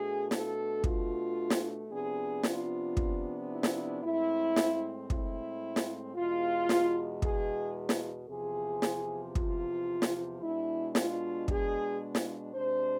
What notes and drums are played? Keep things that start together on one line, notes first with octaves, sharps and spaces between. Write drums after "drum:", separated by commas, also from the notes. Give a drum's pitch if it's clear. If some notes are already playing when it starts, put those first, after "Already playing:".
Already playing: B2 A3 D4 G#4
A4, drum: snare
F4, drum: kick
drum: snare
C3 F3 B3 D4 G#4
F4, drum: snare
drum: kick
E4
drum: snare
A2 G#3 C4 E4
drum: snare
E4, drum: kick
drum: snare
E2 B2 G#3 F4
drum: snare
G#4, drum: kick
drum: snare
E2 C3 F3 G#4
drum: snare
F4, drum: kick
drum: snare
B2 G#3 D4 E4
F4, drum: snare
G#4, drum: kick
drum: snare
C3 G#3 D4 C5